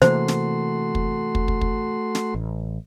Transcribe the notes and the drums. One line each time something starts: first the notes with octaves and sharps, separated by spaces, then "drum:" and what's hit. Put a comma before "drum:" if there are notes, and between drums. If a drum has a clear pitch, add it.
C3 E3 A3 A#3 F#4 C5 C6, drum: snare
drum: snare
drum: kick
drum: kick
drum: kick
drum: kick
drum: snare
A1